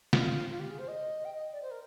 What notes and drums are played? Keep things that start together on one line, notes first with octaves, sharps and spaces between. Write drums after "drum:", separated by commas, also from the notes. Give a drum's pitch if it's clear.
F4, drum: snare
F4
G4
G#4
C5
D#5
G5
D#5
D5
C5
A#4